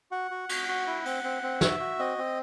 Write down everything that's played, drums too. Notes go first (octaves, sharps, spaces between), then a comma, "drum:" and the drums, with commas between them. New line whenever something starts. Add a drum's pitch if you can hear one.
F#4 F#5
F#4
F#4, drum: cymbal
F#4
E4
C4, drum: open hi-hat
C4
C4
F#4 E5, drum: snare
F#4
C4 D#5
C4